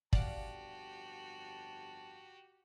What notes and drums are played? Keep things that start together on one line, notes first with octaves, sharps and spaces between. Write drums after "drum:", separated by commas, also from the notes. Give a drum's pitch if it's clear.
G1 F2 F#4 G4 D5 F5 F#5 A5, drum: kick